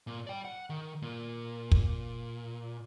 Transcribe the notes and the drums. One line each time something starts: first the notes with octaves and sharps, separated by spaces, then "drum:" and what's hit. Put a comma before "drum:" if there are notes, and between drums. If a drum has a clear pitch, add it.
A#2
D5 G5
F#5
D#3
A#2
drum: kick